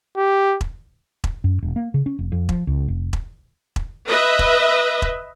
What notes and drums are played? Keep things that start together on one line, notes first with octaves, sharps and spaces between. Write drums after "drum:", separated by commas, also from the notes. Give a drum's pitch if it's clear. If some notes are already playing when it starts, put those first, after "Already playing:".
G4
drum: kick E1
drum: kick E1
F#2
E1
A#3
C#3
C#4
F1
F2
F3, drum: kick E1
C#2
F1
drum: kick E1
drum: kick E1
B4 D#5 E5
drum: kick E1
drum: kick E1